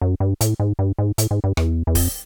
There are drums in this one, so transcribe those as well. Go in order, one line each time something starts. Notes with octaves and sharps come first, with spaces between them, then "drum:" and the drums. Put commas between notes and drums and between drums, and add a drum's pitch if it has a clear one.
F#2
G2
A2, drum: hi-hat
G#2
G2
G#2
A2, drum: hi-hat
G#2
G2
E2, drum: rim click
E2
F2, drum: kick D1, open hi-hat